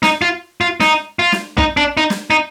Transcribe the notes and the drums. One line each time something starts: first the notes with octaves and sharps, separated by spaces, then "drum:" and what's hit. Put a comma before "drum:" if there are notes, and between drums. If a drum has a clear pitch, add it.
D#4, drum: snare
F4
F4
D#4, drum: snare
F4
drum: snare
D#4, drum: kick
D4
D#4
drum: snare
D#4